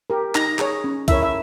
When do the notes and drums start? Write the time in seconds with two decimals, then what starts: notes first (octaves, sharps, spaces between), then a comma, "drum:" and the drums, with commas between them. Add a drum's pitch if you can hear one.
0.10 G4 A#4
0.35 D#4 A#5, drum: clap
0.59 G#4 C#5 A#5, drum: clap
0.84 C#4
1.08 E4 A#4 C#5 E5, drum: kick C2, hi-hat
1.22 E5